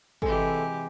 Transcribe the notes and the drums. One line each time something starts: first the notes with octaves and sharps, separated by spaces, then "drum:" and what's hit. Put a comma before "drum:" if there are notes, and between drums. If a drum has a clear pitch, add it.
C3 E3 G#3 G4 A4, drum: kick